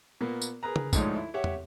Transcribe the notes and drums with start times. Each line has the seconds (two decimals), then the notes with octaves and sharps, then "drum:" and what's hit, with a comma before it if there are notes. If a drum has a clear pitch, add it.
0.21 A#2 A#3 B3
0.42 drum: tambourine
0.63 G#4 A#4 B4 A#5
0.76 drum: tom C#3
0.93 D2 G#2 F3 D#4 C#5, drum: kick, tambourine
1.16 E4
1.34 G4 C#5 E5 F#5 G5
1.44 drum: tom